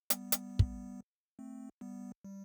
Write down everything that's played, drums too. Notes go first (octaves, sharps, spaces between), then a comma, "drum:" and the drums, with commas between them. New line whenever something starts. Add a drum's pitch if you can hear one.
G3 B3, drum: hi-hat
drum: hi-hat
drum: kick
A3 C4
G3 B3
G3